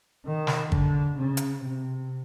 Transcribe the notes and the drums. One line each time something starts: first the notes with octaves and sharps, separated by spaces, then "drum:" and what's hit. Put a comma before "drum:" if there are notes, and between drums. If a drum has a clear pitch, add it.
D#3
drum: snare
D3, drum: kick
C#3
drum: hi-hat
C3